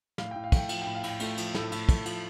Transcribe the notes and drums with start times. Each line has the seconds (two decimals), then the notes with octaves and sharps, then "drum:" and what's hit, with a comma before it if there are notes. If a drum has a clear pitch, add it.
0.18 A2 F5, drum: snare
0.31 A2 G5
0.44 F5
0.52 A3 G5, drum: kick, cymbal
0.69 F3 F5, drum: cymbal
0.82 A2 G5
0.95 F5
1.03 A2 G5, drum: cymbal
1.20 A3 F4 F5, drum: cymbal
1.37 F3, drum: cymbal
1.54 A2 A4 A5, drum: snare
1.72 A2, drum: cymbal
1.89 A3, drum: kick, cymbal
2.06 F3, drum: cymbal